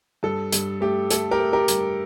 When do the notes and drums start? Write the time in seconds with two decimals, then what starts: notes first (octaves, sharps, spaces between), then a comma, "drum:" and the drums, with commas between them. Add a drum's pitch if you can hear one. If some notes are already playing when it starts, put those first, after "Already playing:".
0.23 G2 A4
0.52 G2, drum: hi-hat
0.81 A3 G4
1.11 A3 A4, drum: hi-hat
1.31 G4 A#4
1.39 A3
1.53 G4 A#4
1.68 G2, drum: hi-hat